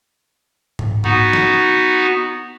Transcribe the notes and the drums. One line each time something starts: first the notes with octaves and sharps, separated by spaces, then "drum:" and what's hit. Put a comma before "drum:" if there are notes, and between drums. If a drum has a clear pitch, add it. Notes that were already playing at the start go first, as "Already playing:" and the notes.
drum: tom G#2
B3 D#4 F#4, drum: tom G#2
drum: snare